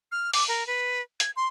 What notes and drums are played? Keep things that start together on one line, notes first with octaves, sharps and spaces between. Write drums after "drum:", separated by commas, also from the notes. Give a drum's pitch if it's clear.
F6
D6, drum: open hi-hat
A#4
B4
G#6, drum: hi-hat
C6